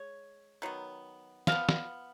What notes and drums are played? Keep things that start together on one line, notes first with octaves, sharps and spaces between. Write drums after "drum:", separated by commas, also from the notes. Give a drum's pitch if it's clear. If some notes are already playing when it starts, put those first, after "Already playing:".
Already playing: G#3 C#5
D#3 F#3 B3
F3 B3 F5, drum: snare
drum: snare